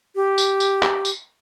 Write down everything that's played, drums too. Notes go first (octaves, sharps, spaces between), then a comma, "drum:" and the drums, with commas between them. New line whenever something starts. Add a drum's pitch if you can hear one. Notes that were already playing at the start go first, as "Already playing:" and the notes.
G4
drum: tambourine
drum: tambourine
drum: clap
drum: tambourine